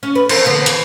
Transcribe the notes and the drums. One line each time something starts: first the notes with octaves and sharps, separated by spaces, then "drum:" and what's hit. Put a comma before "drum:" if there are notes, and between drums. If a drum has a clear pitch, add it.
C#4
B4
F3 C4 A#4, drum: cymbal
D3 B3
E3, drum: hi-hat